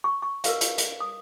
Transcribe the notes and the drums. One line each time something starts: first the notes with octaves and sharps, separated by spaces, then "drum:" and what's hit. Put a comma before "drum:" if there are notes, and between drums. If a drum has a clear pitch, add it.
C#6
C#6
A#4 B4 F5, drum: hi-hat
drum: hi-hat
drum: hi-hat
D#6